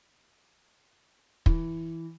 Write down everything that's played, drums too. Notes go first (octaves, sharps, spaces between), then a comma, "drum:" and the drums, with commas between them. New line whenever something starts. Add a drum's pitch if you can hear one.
E3, drum: kick